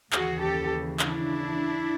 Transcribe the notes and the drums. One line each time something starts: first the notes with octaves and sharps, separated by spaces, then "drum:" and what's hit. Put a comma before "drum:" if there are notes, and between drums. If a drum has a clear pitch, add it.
D#2 C#3 E3 F#4 G#4, drum: clap
G4 A4
D4 E4, drum: clap